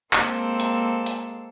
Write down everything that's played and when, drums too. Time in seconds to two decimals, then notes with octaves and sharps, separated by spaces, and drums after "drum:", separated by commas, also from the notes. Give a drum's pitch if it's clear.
0.13 G#3 A#3 C4 A4, drum: clap
0.60 drum: hi-hat
1.06 drum: hi-hat